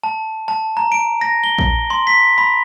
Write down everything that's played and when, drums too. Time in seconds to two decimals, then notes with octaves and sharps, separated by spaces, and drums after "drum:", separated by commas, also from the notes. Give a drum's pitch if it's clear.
0.04 A5
0.48 A5
0.77 A#5
0.92 D7
1.21 A#6
1.44 G7
1.58 drum: kick A#1
1.90 C6
2.07 B6
2.38 B5